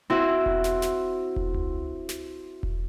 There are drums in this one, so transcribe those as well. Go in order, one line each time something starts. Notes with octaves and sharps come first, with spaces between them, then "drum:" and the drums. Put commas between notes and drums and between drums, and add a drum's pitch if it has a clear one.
C4 E4 F#4
drum: kick E1
drum: snare
drum: snare
drum: kick E1
drum: tom C#2
drum: snare
drum: kick E1